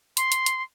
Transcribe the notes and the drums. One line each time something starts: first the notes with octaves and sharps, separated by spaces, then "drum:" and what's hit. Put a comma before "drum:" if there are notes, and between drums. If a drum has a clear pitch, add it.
C6, drum: hi-hat
drum: hi-hat
drum: hi-hat